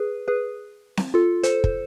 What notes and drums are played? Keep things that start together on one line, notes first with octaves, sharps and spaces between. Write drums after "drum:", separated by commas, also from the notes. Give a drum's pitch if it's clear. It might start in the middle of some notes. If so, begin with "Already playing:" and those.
Already playing: G#4 B4
G#4 B4
drum: snare C4
F4 A4
A4 C5, drum: hi-hat
drum: kick